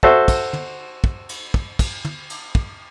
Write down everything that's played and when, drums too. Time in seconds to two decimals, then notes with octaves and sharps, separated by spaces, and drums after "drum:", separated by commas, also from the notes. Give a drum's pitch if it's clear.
0.03 F#4 A4 C5 E5, drum: kick
0.28 drum: kick, cymbal
0.53 drum: tom
1.04 drum: kick
1.29 drum: cymbal
1.54 drum: kick
1.79 drum: kick, cymbal
2.05 drum: tom
2.30 drum: cymbal
2.55 drum: kick